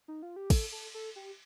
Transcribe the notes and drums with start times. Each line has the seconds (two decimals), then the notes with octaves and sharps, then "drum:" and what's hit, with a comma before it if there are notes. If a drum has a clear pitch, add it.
0.08 D#4
0.23 F4
0.36 G4
0.50 A4, drum: kick, cymbal
0.72 A4
0.94 A4
1.16 G4